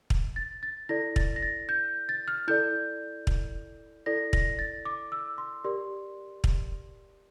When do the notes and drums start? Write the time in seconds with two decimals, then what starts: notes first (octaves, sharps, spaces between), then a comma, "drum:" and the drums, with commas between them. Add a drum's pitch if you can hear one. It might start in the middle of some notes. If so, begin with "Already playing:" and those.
0.10 drum: kick
0.36 A6
0.63 A6
0.89 E4 A4 D5 A#6
1.16 A6, drum: kick
1.36 A#6
1.42 A6
1.69 G6
2.09 A6
2.28 F6
2.48 E4 A4 D5 G6
3.27 drum: kick
4.06 E4 A4 D5 A#6
4.33 A#6, drum: kick
4.59 A6
4.85 D6
5.12 E6
5.38 C6
5.64 G4 A#4 D5 C6
6.44 drum: kick